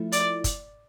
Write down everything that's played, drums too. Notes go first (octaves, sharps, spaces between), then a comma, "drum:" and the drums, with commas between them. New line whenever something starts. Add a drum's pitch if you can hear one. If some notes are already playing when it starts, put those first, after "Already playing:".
Already playing: F3 A3 E4
D5, drum: hi-hat
drum: kick, hi-hat